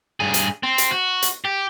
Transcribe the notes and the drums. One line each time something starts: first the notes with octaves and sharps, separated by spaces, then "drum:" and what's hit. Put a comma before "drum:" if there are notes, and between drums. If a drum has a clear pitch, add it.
G2 G#4
drum: hi-hat
C4
drum: hi-hat
F#4
drum: hi-hat
G4